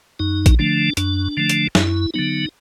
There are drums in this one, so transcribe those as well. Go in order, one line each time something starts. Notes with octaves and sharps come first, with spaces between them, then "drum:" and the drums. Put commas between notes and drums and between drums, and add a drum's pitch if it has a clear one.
F#2 D#4
drum: kick, hi-hat
D3 F3 A3 D4
F#2 D4, drum: hi-hat
D3 F3 A3
drum: hi-hat
F#2 E4, drum: snare
D3 F#3 B3 D#4